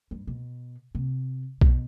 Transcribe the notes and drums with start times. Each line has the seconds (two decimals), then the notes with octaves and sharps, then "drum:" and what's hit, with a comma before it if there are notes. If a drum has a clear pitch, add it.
0.11 G2
0.27 B2
0.95 C3
1.61 B2, drum: kick B1